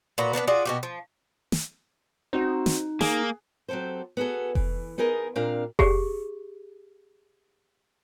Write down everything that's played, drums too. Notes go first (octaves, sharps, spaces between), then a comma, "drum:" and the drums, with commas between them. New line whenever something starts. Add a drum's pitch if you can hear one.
A#2 F#4 B4 A#5
B3 D4 A#4 B4
F4 F#4 G#4 D5
B2 F#4 G4
F3
drum: snare
C4 D#4 F#4
drum: snare
A#3 G#4, drum: snare
F#3 C4 G4 A4 C5
B3 F#4 G#4 A4
E3, drum: kick F1
B3 D#4 G#4 A#4 D#5
A#2 C4 D4 A#4 F5
G4 G#4, drum: kick F1